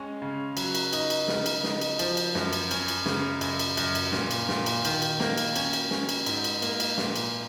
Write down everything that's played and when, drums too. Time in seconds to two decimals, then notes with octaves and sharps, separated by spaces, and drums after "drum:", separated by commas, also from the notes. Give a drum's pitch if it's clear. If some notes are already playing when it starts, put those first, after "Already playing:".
Already playing: G#3 C#4
0.22 C#3
0.57 F#3, drum: cymbal
0.75 drum: cymbal
0.93 D#4, drum: cymbal
1.10 drum: cymbal
1.28 C#3, drum: snare
1.46 drum: cymbal
1.64 D#4, drum: snare
1.81 drum: cymbal
1.99 F3, drum: cymbal
2.17 drum: cymbal
2.35 F#2, drum: snare
2.53 drum: cymbal
2.71 C#4, drum: cymbal
2.88 drum: cymbal
3.06 C#3, drum: snare
3.41 F#2, drum: cymbal
3.59 drum: cymbal
3.77 F#2, drum: cymbal
3.95 drum: cymbal
4.12 A#2, drum: snare
4.31 drum: cymbal
4.49 A#2, drum: snare
4.66 drum: cymbal
4.85 D#3, drum: cymbal
5.02 drum: cymbal
5.20 A#3, drum: snare
5.38 drum: cymbal
5.56 C#4, drum: cymbal
5.73 drum: cymbal
5.91 C#4, drum: snare
6.09 drum: cymbal
6.26 G#2, drum: cymbal
6.44 drum: cymbal
6.62 A#3, drum: cymbal
6.80 drum: cymbal
6.98 A#2, drum: snare
7.16 drum: cymbal